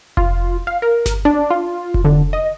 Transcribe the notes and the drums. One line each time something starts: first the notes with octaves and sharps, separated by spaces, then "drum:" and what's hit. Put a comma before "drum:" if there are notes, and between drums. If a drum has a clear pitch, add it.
F4, drum: kick F1
F5
A#4
drum: snare G1
D4
F4
drum: kick F1
D3
D#5